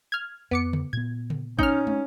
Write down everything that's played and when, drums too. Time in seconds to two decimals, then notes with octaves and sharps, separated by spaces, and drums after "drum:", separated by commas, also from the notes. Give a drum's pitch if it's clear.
0.12 F6 G#6
0.51 F2 B3 D6 C#7
0.73 drum: tom C#3
0.93 A#2 B3 G#6
1.30 drum: tom C#3
1.59 C#4 D#4 F6 G6, drum: kick
1.87 drum: tom